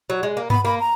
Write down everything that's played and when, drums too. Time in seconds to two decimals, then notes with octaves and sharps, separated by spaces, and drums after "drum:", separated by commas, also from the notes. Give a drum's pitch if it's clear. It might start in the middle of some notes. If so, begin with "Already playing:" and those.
0.10 F#3
0.23 G#3
0.37 A#3
0.50 B3 B5, drum: tom G2
0.65 A#3 B5
0.80 A#5